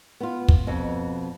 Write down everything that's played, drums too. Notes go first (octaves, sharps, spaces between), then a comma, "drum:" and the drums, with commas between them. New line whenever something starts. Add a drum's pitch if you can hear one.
B3 F4
drum: kick
F2 B2